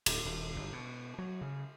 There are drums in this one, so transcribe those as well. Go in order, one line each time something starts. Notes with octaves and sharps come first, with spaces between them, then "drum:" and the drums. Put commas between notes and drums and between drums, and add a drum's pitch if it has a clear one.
D1, drum: cymbal
D#1
G1
B2
F#3
C#3